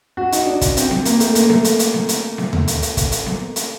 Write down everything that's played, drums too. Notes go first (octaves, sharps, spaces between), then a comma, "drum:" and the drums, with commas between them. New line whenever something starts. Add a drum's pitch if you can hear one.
F#4
D#4, drum: hi-hat
D4
drum: kick, hi-hat
C4, drum: hi-hat
drum: snare B3
A#3, drum: hi-hat
A3, drum: hi-hat
A#3, drum: hi-hat
A3, drum: snare B3
drum: hi-hat
drum: hi-hat
drum: snare B3
drum: hi-hat
drum: snare B3
drum: tom D#2
drum: hi-hat
drum: hi-hat
drum: kick, hi-hat
drum: hi-hat
drum: snare B3
drum: hi-hat